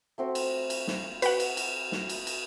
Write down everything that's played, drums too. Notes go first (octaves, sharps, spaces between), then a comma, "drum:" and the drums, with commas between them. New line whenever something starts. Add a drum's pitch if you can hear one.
A3 C4 F#4
drum: cymbal
drum: cymbal
drum: snare
F#4 B4 F#5, drum: cymbal
drum: cymbal
drum: cymbal
drum: snare
drum: cymbal
drum: cymbal